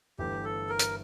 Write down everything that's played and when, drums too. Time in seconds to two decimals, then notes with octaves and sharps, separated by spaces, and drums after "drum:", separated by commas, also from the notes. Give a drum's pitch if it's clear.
0.19 G1 G2 E3 A3 G4
0.44 A4
0.69 A#4
0.79 drum: hi-hat